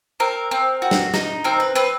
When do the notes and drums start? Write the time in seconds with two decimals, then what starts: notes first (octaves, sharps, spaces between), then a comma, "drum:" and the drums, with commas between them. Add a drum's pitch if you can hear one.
0.20 C4 A#4
0.51 C4
0.82 F#4
0.91 drum: snare
1.14 D#4, drum: snare
1.44 C4 A#4
1.60 B4
1.75 C4 B4